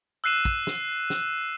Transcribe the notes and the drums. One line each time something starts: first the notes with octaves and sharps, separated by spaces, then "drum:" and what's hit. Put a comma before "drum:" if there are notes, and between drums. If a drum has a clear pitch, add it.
E6 F#6 C7 D#7 E7
drum: kick
drum: snare
drum: snare